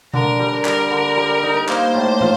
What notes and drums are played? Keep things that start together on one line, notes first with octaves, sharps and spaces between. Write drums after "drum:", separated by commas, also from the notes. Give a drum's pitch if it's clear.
D3 A#4, drum: tom B2
G3
G3 A#4, drum: clap
D3
G3
D#4
A#3 C5, drum: clap
A2
F4, drum: tom